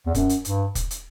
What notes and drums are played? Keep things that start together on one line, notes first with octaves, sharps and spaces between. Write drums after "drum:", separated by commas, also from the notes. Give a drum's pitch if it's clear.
E2
F#2, drum: kick, hi-hat
drum: hi-hat
G2, drum: hi-hat
drum: kick, hi-hat
drum: hi-hat